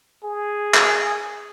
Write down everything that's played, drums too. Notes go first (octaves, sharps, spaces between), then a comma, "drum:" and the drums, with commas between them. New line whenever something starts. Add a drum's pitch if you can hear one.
G#4
drum: clap